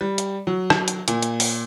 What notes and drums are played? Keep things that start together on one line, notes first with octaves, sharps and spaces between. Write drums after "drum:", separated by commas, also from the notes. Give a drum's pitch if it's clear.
G3
drum: hi-hat
F#3
drum: rim click
drum: hi-hat
A#2, drum: hi-hat
drum: hi-hat
drum: open hi-hat